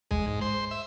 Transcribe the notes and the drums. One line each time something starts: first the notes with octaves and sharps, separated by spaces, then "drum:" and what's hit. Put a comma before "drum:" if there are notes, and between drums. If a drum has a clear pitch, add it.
G#3, drum: kick
G#2
C5
E5